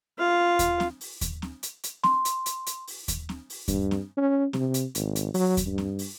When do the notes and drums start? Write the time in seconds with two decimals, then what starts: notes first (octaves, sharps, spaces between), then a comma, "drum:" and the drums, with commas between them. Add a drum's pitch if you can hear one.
0.19 F4 F5
0.59 drum: kick D#2, hi-hat
0.80 drum: snare C4
1.01 drum: open hi-hat
1.21 drum: kick D#2, hi-hat
1.42 drum: snare C4
1.63 drum: hi-hat
1.84 drum: hi-hat
2.04 C6, drum: snare C4
2.25 drum: hi-hat
2.46 drum: hi-hat
2.67 drum: hi-hat
2.87 drum: open hi-hat
3.08 drum: kick D#2, hi-hat
3.29 drum: snare C4
3.50 drum: open hi-hat
3.68 G2, drum: kick D#2, hi-hat
3.91 drum: snare C4
4.17 C#4
4.53 C3, drum: snare C4
4.74 drum: hi-hat
4.95 G#1, drum: hi-hat
5.16 drum: hi-hat
5.34 F#3, drum: open hi-hat
5.57 drum: kick D#2, hi-hat
5.66 G2
5.78 drum: snare C4
5.99 drum: open hi-hat